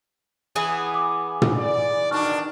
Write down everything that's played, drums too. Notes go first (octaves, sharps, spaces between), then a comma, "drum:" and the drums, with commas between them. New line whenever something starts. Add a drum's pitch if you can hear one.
E3 B3 G#4
D6
drum: tom
D5
B2 D#3 D4 D#4 C#6 F6